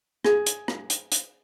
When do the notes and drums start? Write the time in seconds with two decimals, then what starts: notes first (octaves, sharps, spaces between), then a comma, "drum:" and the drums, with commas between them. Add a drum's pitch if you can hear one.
0.25 G#4, drum: rim click
0.46 drum: hi-hat
0.68 drum: rim click
0.90 drum: hi-hat
1.12 drum: hi-hat